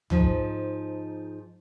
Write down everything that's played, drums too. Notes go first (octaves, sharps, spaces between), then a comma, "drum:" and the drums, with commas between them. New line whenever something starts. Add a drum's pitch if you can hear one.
G#2 F3 D#4, drum: tom B1